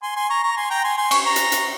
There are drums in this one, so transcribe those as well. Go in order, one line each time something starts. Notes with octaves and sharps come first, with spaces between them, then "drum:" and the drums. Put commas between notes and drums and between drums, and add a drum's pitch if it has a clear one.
G#5 C6
G#5 C6
A#5 C#6
A#5 C#6
G#5 C6
G5 A#5
G#5 C6
G#5 C6
C#6, drum: cymbal
A#5 C#6
drum: hi-hat
drum: hi-hat